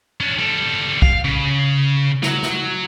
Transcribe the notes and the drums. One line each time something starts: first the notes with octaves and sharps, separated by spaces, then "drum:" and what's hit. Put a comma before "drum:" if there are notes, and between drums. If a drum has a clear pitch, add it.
C#4 D4
G3 A4
F5, drum: kick
C#3
F#3, drum: snare
drum: snare